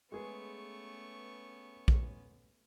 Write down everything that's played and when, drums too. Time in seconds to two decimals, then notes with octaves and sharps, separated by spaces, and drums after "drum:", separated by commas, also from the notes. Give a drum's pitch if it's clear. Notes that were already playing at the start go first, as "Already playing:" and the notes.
0.12 G#3 A3 B3 C#4 G#4 B4 C#6
1.88 drum: kick A#1